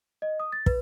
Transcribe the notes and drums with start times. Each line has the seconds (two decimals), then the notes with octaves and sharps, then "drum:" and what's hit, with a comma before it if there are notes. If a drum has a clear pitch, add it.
0.22 D#5
0.40 D#6
0.52 A6
0.66 B4, drum: kick